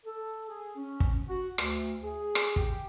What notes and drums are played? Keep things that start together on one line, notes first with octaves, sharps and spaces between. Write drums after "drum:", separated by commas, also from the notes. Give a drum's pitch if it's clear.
A4
G#4
C#4
drum: kick
F#4
D2, drum: rim click
G#4
drum: rim click
G4, drum: kick